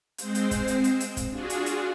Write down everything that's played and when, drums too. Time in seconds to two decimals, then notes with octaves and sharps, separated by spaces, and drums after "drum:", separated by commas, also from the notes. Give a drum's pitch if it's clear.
0.18 G#3 C4 C5, drum: hi-hat
0.35 drum: hi-hat
0.51 drum: kick, hi-hat
0.68 drum: hi-hat
0.84 drum: hi-hat
1.00 drum: hi-hat
1.17 drum: kick, hi-hat
1.30 D4 F4 F#4 G#4
1.50 drum: hi-hat
1.66 drum: hi-hat